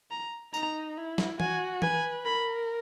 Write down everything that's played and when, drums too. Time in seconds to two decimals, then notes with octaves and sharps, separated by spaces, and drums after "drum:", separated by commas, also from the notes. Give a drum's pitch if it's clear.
0.11 A#5
0.54 D#4 A#5, drum: tambourine
0.97 E4
1.18 drum: snare
1.40 F#4 G#5, drum: tom E3
1.82 B4 G#5, drum: tom E3
2.24 A#4 B5